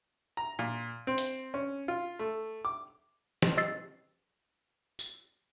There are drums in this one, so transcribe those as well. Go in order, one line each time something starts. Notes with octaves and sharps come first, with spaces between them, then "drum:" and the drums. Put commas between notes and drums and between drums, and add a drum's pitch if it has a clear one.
A#5
A#2
C4
drum: hi-hat
C#4
F4
A3
D6
drum: snare
D#5 E6 A6 C7
drum: tambourine